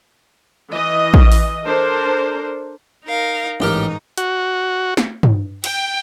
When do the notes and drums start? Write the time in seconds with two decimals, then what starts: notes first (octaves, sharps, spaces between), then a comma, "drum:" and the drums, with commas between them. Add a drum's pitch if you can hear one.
0.70 E3 D#5
1.14 drum: kick
1.32 drum: open hi-hat
1.66 D4 A4 A#4 C5
3.06 D#4 A#4 F5
3.60 A1 G#2 D#4 G4 A#4 F6
4.18 F#4, drum: hi-hat
4.97 drum: snare
5.23 drum: tom
5.64 G5, drum: cymbal